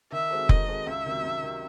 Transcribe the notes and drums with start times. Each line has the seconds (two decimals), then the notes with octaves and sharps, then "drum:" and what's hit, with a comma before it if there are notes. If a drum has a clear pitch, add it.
0.12 D#3 E5
0.30 G#3 C4 F#4 A4
0.49 D#3 D#5, drum: kick F1
0.68 G#3 C4 F#4 A4
0.86 C#2 E5
1.05 C3 D#3 F#3
1.23 C#2
1.42 C3 D#3 F#3